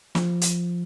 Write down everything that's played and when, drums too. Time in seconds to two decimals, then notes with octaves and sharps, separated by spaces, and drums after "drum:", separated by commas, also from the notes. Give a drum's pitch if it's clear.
0.15 F3, drum: snare
0.41 drum: hi-hat